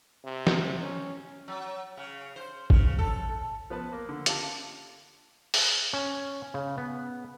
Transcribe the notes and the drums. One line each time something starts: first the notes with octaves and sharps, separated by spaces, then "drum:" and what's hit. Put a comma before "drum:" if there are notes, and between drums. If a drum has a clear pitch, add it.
C3
drum: snare
C#4
F#3
C#3
C5
C#3, drum: kick
A4
F3 B3 B4 A5
A#3
D3
F4 G4 F5 A5, drum: hi-hat
drum: open hi-hat
C#4
C#3
B3